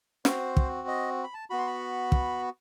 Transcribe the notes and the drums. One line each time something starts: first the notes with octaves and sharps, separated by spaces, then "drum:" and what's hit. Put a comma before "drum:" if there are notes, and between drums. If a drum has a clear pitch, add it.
C4 F#4 C5, drum: snare
drum: kick
D#5
B5
A5
B3 F#4 B5
C6
B5
drum: kick